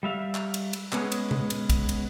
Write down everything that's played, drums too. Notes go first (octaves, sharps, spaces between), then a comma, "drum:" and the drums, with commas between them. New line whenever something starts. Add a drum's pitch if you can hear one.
G3 E5 F5
drum: clap
drum: cymbal
drum: cymbal
G#3 B3 C#4 G#4, drum: clap
drum: cymbal
drum: tom C3
drum: cymbal
drum: kick, cymbal
drum: cymbal